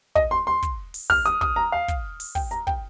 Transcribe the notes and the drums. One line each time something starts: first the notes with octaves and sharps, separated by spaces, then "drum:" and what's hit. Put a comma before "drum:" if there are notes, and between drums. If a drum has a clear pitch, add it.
D#5, drum: kick
C6
C6
drum: kick, hi-hat
drum: open hi-hat
F6, drum: kick
D#6, drum: hi-hat
D#6, drum: kick
A#5
F5
drum: kick, hi-hat
drum: open hi-hat
G5, drum: kick
A#5, drum: hi-hat
G5, drum: kick